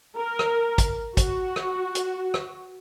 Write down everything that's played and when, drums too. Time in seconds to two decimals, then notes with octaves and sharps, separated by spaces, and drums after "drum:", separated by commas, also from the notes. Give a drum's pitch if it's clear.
0.17 A#4
0.39 drum: rim click
0.78 drum: kick, hi-hat
1.17 F#4, drum: kick, hi-hat
1.56 drum: rim click
1.95 drum: hi-hat
2.34 drum: rim click